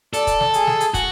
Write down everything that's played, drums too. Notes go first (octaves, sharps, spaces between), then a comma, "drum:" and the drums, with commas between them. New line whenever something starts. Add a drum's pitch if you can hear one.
A4 D5, drum: hi-hat
drum: kick, hi-hat
drum: snare
G#4, drum: hi-hat
drum: snare
drum: hi-hat
F#4, drum: kick, hi-hat